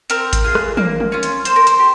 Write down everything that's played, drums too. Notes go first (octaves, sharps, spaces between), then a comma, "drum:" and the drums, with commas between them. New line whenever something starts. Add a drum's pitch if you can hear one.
C4 A#4, drum: hi-hat
drum: kick G#1, hi-hat
F4 G#4
drum: rim click
A#3, drum: tom
drum: tom
C#4 F4
drum: hi-hat
C4 C5, drum: hi-hat
A#4
C5, drum: hi-hat
G4